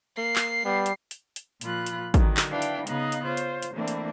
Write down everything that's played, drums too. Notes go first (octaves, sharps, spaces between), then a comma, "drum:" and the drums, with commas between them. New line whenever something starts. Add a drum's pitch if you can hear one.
A#3 C7
drum: clap
G3 B3
drum: hi-hat
drum: hi-hat
drum: hi-hat
A#2 F3 F4 B5 F#6, drum: hi-hat
drum: hi-hat
D3 D#3 F#3, drum: kick, hi-hat
drum: clap
D4 E4 B4 F5 G5
drum: hi-hat
C#3 B3 D#4 D#5 F5 F#6, drum: hi-hat
drum: hi-hat
F4 C5 C#5
drum: hi-hat
drum: hi-hat
E3 A3 A#3 C4 D4 E4
drum: hi-hat